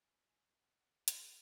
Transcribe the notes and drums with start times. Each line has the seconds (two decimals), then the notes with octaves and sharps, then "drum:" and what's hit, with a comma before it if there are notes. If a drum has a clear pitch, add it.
0.04 B1 G#5
0.28 G#5
0.33 A#2 F#5
0.64 B1 F#5
0.80 F#5
1.08 drum: hi-hat